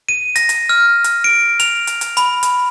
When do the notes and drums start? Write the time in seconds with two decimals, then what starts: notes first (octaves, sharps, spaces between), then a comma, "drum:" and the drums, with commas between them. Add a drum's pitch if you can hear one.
0.09 D#7
0.36 A#6, drum: hi-hat
0.49 drum: hi-hat
0.69 F6
1.04 drum: hi-hat
1.24 D7
1.60 F7, drum: hi-hat
1.87 drum: hi-hat
2.01 drum: hi-hat
2.17 B5, drum: hi-hat
2.43 drum: hi-hat